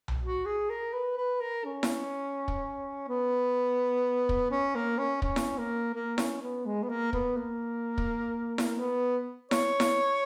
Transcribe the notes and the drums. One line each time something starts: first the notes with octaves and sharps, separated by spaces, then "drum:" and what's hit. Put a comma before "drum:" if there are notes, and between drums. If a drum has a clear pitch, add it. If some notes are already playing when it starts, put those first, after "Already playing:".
drum: tom B1
F#4
G#4
A#4
B4
B4
A#4
C#4
drum: snare E4
drum: kick
B3
drum: kick
C#4
A#3
C#4
C#4, drum: kick
drum: snare E4
A#3
A#3
C#4, drum: snare E4
B3
G#3
B3
A#3
B3, drum: kick
A#3
drum: kick
drum: snare E4
B3
C#5, drum: snare E4
drum: snare E4